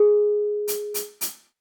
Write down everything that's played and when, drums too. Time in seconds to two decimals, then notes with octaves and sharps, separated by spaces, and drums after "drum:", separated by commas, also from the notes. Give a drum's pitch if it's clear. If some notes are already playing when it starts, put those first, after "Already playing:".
Already playing: G#4
0.68 drum: hi-hat
0.94 drum: hi-hat
1.21 drum: hi-hat